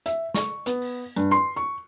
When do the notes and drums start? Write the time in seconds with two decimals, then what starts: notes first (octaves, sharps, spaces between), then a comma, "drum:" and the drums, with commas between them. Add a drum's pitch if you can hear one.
0.06 E5, drum: hi-hat
0.34 C#6, drum: snare
0.66 B3, drum: hi-hat
0.82 drum: open hi-hat
1.16 G2, drum: hi-hat
1.31 C6
1.56 C#6